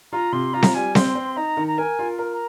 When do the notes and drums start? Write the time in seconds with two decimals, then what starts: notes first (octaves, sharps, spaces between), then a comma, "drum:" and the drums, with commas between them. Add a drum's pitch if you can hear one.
0.12 F4 A#5
0.32 C3 C6
0.53 F4 A#5
0.63 drum: snare C4
0.74 G3 G#5
0.95 C4 C6, drum: snare C4
1.15 C4
1.37 D#4 A#5
1.57 D#3
1.67 A#5
1.78 A#4 G#5
1.99 F4
2.18 A#4
2.33 A#5